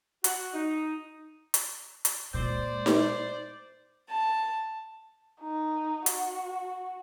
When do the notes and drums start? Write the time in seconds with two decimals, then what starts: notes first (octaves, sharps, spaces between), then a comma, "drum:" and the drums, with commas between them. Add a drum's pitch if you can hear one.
0.24 F#4, drum: hi-hat
0.53 D#4
1.54 drum: hi-hat
2.05 drum: hi-hat
2.34 A#2 G#3 C5 D5
2.86 drum: snare D#4
4.08 A5
5.41 D#4
6.06 F#4, drum: hi-hat